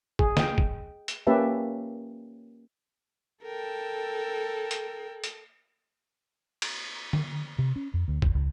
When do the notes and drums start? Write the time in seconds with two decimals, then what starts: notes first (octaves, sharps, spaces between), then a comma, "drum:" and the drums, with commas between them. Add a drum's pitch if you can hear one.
0.19 G#4, drum: kick
0.37 D#5 G5, drum: snare
0.58 drum: kick
1.08 drum: hi-hat
1.27 A#3 C#4 G4 B4 E5 A5
3.44 A4 A#4 G5
4.71 drum: hi-hat
5.24 drum: hi-hat
6.62 drum: cymbal
7.13 drum: tom D3
7.59 C3
7.76 C#4
7.94 F2
8.08 D2
8.22 E2, drum: kick
8.35 C#2